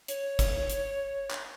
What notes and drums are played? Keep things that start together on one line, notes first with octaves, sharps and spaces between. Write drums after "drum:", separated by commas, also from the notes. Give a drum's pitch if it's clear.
C#5, drum: hi-hat
drum: kick G#1, hi-hat
drum: hi-hat
drum: clap